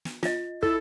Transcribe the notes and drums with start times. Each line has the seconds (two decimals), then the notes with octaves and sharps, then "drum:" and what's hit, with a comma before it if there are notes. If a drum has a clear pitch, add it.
0.05 drum: snare
0.23 F4 D#5, drum: snare
0.63 E4 A4, drum: kick